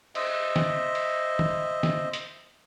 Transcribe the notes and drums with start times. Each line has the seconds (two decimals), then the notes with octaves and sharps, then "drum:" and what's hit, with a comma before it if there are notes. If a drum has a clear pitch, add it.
0.15 C5 D#5 E5, drum: cymbal
0.56 drum: snare
0.95 drum: cymbal
1.39 drum: tom
1.83 drum: snare
2.13 drum: hi-hat